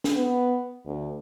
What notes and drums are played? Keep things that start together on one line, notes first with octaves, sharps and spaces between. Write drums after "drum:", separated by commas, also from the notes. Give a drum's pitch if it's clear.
drum: snare
B3
D2